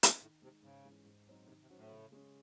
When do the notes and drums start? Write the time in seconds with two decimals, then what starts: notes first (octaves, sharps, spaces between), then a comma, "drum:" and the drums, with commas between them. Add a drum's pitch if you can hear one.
0.03 drum: hi-hat
0.20 A2 D#3
0.42 C3 G#3 D#4 G#4
0.63 G#2 C#3
0.85 E3 G#3 C#4
1.05 G#2
1.27 F#3 C4 D#4
1.43 A2
1.48 C3 D#3
1.62 C3
1.70 F#3 C#4 F#4 C5
1.76 A2
1.91 C#3
2.12 G#3 C#4